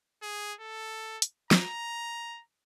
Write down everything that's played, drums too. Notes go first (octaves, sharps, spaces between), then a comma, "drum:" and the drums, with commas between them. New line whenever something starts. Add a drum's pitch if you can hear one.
G#4
A4
drum: hi-hat
A#5, drum: snare